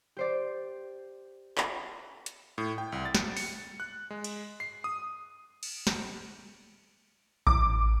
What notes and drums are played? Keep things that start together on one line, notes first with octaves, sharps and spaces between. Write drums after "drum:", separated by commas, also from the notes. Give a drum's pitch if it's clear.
G4 C5 D5
drum: clap
drum: hi-hat
A2
G5
C2
A6
drum: snare
C#7, drum: open hi-hat
F#6
G#3
drum: cymbal
C7
D#6
drum: cymbal
drum: snare
D6, drum: kick A1